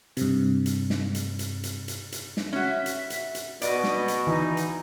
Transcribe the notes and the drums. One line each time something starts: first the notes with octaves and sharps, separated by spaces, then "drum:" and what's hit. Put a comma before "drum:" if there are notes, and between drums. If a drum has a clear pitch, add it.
G2 C3, drum: hi-hat
drum: hi-hat
drum: snare
drum: hi-hat
drum: hi-hat
drum: hi-hat
drum: hi-hat
drum: hi-hat
drum: snare
C#4 F#4 E5
drum: hi-hat
drum: hi-hat
drum: hi-hat
B2 D5 D#5, drum: hi-hat
drum: snare
drum: hi-hat
E3 D#4
drum: hi-hat